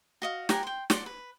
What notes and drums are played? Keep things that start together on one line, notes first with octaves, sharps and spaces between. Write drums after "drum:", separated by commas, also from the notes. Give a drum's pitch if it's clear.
F#4 D#5 F5
G4 A#4 F#5 G#5, drum: snare
G5 C6
D5 F#5 C6 D6, drum: snare
B4